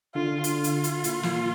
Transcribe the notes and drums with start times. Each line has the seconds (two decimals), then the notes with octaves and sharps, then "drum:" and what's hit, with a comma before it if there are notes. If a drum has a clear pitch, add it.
0.15 D3 F4
0.44 D3 F4, drum: hi-hat
0.64 drum: hi-hat
0.84 drum: hi-hat
1.04 A#2, drum: hi-hat
1.23 drum: snare